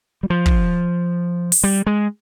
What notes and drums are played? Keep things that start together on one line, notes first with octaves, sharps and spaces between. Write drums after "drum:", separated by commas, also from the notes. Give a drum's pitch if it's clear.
G3
F3
drum: kick
drum: open hi-hat
G3
G#3